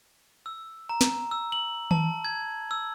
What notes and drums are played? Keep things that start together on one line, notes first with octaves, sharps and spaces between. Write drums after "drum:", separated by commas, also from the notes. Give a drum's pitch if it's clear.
E6
A#5
drum: snare
E6
F#7
A5, drum: tom D#3
G#6
E6